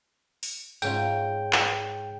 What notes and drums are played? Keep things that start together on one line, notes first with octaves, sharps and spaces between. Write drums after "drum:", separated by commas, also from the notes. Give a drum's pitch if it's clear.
drum: open hi-hat
G#2 C#4 F4 G5, drum: tambourine
drum: clap